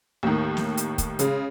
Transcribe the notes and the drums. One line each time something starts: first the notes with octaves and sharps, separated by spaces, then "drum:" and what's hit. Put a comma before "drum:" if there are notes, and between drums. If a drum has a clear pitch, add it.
D#2 A2 D#3
drum: snare
drum: hi-hat
drum: kick, hi-hat
C#3 G#3, drum: hi-hat